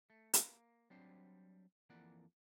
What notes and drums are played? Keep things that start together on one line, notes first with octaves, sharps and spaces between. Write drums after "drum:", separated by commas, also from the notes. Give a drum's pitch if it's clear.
A3
A#3, drum: hi-hat
F#3 G3 C4 D4 C5
F2 E3 A#3 D5 F#5